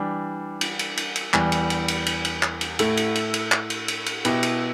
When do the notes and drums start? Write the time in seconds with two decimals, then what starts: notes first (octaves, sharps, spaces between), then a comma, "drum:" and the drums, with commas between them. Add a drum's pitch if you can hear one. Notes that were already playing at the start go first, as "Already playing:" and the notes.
Already playing: E3 G3 D4
0.61 drum: cymbal
0.79 drum: cymbal
0.97 drum: cymbal
1.16 drum: cymbal
1.33 E2 E3 G3, drum: clap
1.52 drum: cymbal
1.70 drum: cymbal
1.88 drum: cymbal
2.06 drum: cymbal
2.25 drum: cymbal
2.43 drum: clap
2.61 drum: cymbal
2.79 A2 A3 E4 A4, drum: cymbal
2.97 drum: cymbal
3.15 drum: cymbal
3.34 drum: cymbal
3.52 drum: clap
3.70 drum: cymbal
3.88 drum: cymbal
4.06 drum: cymbal
4.25 B2 B3 E4 G4, drum: cymbal
4.43 drum: cymbal